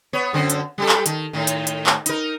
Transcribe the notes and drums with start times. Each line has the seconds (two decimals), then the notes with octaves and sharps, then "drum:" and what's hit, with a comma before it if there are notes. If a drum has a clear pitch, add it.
0.13 B3 C#5
0.33 F#2 D3 C4
0.50 drum: hi-hat
0.78 G3 G4 A4
0.89 drum: clap
1.06 D#3, drum: hi-hat
1.33 A2 D#3
1.47 drum: hi-hat
1.67 drum: hi-hat
1.86 drum: clap
2.06 D#4 A#4, drum: hi-hat